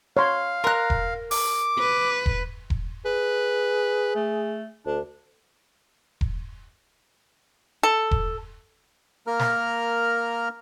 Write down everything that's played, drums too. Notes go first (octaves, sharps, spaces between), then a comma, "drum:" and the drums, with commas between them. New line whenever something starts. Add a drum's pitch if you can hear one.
C#5 F5 C6
A#4 A#5 C6 F#6
drum: kick E1
D6, drum: open hi-hat
B4
drum: kick E1
drum: kick E1
G#4 B4
A3
D2 D4
drum: kick E1
A4
drum: kick E1
A#3 A#4 A#5 F6
drum: snare